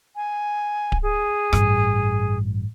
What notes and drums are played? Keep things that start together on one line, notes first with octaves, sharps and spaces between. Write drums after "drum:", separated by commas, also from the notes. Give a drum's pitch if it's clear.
G#5
drum: kick D1
G#4
A1 G2, drum: rim click